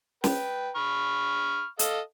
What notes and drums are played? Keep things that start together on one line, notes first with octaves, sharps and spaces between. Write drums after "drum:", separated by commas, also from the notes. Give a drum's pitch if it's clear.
B4 G5, drum: snare
B5 C#6 F6
A4 D#5 F5, drum: hi-hat